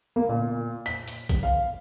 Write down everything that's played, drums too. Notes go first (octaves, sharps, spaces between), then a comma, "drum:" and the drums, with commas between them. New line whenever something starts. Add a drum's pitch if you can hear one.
A#3
A#2
B6, drum: hi-hat
drum: hi-hat
drum: kick A#1, hi-hat
F5